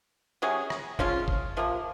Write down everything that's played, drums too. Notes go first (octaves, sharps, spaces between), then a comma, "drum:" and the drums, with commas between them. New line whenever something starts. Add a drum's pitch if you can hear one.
C3 F#3 C#4 G#4
drum: rim click
F3 G#3 C#4 F4, drum: kick G#1
drum: kick G#1
C3 F3 A#3